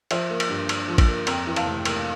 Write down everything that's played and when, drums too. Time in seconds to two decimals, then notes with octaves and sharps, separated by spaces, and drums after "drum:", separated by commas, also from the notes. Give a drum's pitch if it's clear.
0.11 F3 C5 E5, drum: cymbal
0.30 A#3
0.40 drum: cymbal
0.49 G2
0.69 D4, drum: cymbal
0.88 F3
0.98 drum: kick, cymbal
1.08 A#3
1.27 F2 G5 A#5, drum: cymbal
1.47 E3
1.56 F5 A5, drum: cymbal
1.66 F1
1.85 A#3, drum: cymbal